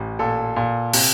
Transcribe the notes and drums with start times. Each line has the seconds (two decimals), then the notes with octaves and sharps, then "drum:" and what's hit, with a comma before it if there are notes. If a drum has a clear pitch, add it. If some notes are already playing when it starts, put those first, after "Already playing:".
Already playing: A1 A2
0.19 A#2 A4
0.57 A#2
0.93 C3, drum: open hi-hat